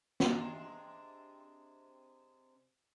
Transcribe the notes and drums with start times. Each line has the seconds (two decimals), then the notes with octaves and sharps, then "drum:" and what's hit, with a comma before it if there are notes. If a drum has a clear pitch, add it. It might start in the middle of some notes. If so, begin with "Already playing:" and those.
0.20 C3 G#3 D4, drum: snare